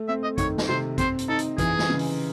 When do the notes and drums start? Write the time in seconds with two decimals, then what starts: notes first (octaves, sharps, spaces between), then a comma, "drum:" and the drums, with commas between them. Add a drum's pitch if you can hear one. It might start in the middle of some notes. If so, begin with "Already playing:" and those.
Already playing: A3
0.08 C4 E5
0.23 D#5
0.38 D#3 C#5, drum: kick, hi-hat
0.58 drum: snare
0.68 C3 C5
0.98 C4 C5, drum: kick, hi-hat
1.19 drum: hi-hat
1.28 D#4 A4
1.39 drum: hi-hat
1.58 E3 G#4, drum: kick, hi-hat
1.79 drum: snare
1.90 C#3
1.99 drum: open hi-hat